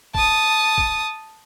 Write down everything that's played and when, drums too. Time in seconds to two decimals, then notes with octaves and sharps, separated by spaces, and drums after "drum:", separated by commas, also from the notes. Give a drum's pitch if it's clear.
0.15 A5 D#6, drum: kick
0.78 drum: kick